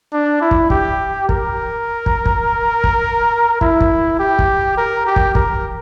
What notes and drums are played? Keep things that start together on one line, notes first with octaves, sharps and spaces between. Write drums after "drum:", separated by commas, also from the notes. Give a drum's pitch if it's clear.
D4
E4
drum: kick
G4, drum: kick
A#4, drum: kick
drum: kick
drum: kick
drum: kick
E4, drum: kick
drum: kick
G4
drum: kick
A#4
G4
drum: kick
A#4, drum: kick